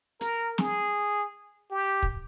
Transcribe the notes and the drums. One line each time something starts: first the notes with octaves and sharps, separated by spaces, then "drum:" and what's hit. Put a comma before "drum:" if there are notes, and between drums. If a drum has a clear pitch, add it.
A#4, drum: hi-hat
G#4, drum: snare
G4
drum: kick